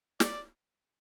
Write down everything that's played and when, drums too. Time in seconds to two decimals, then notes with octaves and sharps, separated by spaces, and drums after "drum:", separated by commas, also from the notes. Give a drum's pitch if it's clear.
0.20 D5, drum: snare